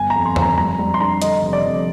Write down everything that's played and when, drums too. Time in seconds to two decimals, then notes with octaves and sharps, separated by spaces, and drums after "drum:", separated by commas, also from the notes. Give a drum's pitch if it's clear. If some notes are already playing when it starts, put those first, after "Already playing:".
Already playing: G1 G#5
0.10 A#5
0.16 F2
0.26 C6
0.36 F2, drum: tom E2
0.42 A#5
0.58 G3 A#5
0.79 G3
0.94 C6
1.00 D4 A#5
1.22 D3 D#5, drum: hi-hat
1.42 F1
1.53 D5
1.64 F2